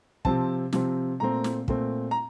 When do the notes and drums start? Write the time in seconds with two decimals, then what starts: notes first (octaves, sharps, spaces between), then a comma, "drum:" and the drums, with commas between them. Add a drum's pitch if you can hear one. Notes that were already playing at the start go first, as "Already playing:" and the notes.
0.25 C3 F3 C4 A5, drum: kick
0.73 C3 F3 C4, drum: snare
1.20 A#2 A3 C4 A#5
1.44 drum: snare
1.68 A#2 A3 C4, drum: kick
2.11 A#5